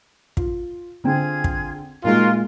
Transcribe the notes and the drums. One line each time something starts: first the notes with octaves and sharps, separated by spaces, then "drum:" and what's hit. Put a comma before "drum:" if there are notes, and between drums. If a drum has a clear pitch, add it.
F4, drum: kick
D3 C4 F4 G#4 G5 G#6
drum: kick
A#2 G#3 D#4 F4 F#4 A#4